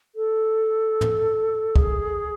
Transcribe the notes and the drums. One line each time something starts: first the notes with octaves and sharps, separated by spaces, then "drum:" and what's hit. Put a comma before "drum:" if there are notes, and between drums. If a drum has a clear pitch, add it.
A4
drum: tom
G#4, drum: kick